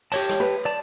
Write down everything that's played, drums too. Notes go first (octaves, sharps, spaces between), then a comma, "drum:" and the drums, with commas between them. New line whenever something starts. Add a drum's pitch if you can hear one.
G4 C#5 A5, drum: cymbal
drum: rim click
B4
D5 A5